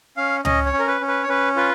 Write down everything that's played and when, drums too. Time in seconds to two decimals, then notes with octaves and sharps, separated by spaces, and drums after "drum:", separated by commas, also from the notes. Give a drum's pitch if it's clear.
0.17 C#4 F5
0.45 C#4 D#5, drum: tom C#2
0.66 C#5
0.73 C#4
0.79 A#4
0.87 B4
1.01 C#4
1.08 B4
1.23 C#5
1.28 C#4 B4
1.56 F4 B4